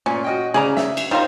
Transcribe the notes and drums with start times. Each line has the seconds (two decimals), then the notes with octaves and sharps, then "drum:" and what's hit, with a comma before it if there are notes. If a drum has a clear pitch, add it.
0.06 A#2 C#4
0.24 F#4 D#5 G5
0.54 C#3 G#4 D5 A#5
0.77 E5, drum: snare
0.97 drum: cymbal
1.11 G3 D#4 F4 A#4 C5 C#5